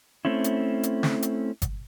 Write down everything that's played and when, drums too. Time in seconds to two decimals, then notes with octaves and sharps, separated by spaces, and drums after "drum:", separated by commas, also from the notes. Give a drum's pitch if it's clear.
0.25 A3 C4 C#4 E4
0.44 drum: hi-hat
0.83 drum: hi-hat
1.03 drum: snare
1.23 drum: hi-hat
1.62 drum: kick G1, hi-hat